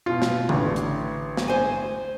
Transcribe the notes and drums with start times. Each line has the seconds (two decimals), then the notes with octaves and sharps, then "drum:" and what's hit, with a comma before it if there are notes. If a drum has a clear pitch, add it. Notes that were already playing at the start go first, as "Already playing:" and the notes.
0.06 B2 F4
0.22 drum: snare
0.49 A1 D3, drum: tom C#3
0.76 drum: hi-hat
1.37 drum: snare
1.48 C5 G#5